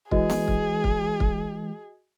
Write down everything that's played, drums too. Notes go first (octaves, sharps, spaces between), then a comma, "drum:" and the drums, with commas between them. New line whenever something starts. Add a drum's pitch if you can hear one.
E3 G#3 F#4 G#4 D#5, drum: kick
drum: snare B3
drum: kick
drum: kick
drum: kick